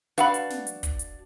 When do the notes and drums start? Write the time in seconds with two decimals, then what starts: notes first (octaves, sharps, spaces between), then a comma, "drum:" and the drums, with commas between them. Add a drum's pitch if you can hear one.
0.18 D4 F#4 B4 F5 F#5 B5, drum: hi-hat
0.34 drum: hi-hat
0.50 drum: snare
0.67 drum: hi-hat
0.83 drum: kick, hi-hat
0.99 drum: hi-hat